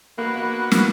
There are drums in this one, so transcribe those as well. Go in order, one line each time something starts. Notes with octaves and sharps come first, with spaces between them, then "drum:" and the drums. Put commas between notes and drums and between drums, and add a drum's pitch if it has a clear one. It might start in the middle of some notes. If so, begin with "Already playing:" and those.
A#3 B3 F#4
drum: snare